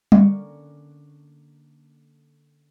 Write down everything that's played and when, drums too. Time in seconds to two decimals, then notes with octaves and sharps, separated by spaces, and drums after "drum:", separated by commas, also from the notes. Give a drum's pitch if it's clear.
0.12 D3 A#3 C#4, drum: tom G3